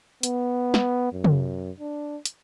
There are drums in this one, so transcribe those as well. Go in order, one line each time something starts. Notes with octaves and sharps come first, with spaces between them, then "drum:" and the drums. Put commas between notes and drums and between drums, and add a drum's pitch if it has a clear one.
B3, drum: hi-hat
drum: snare
F#2
drum: tom
D4
drum: hi-hat